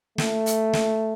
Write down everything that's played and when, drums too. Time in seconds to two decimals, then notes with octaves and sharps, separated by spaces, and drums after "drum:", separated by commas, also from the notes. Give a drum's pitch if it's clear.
0.18 A3, drum: snare
0.46 drum: hi-hat
0.73 drum: snare